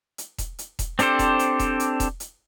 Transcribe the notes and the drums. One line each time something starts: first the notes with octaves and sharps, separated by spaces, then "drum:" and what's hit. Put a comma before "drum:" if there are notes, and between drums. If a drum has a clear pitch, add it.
drum: hi-hat
drum: kick E1, hi-hat
drum: hi-hat
drum: kick E1, hi-hat
C4 D4 G4 A4 C5, drum: hi-hat
drum: kick E1, hi-hat
drum: hi-hat
drum: kick E1, hi-hat
drum: hi-hat
drum: kick E1, hi-hat
drum: hi-hat